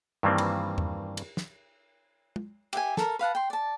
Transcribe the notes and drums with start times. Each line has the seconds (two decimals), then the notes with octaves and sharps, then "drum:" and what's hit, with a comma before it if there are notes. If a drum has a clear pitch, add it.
0.23 G2 D#3 E3 G3 A#3 C4
0.38 drum: cymbal
0.78 drum: tom E2
1.17 drum: cymbal
1.37 drum: snare
2.36 drum: tom
2.73 G4 E5 G5 G#5, drum: cymbal
2.97 A4 A#4, drum: snare
3.19 B4 F5 F#5 A5
3.35 G5 C6
3.50 D5 A5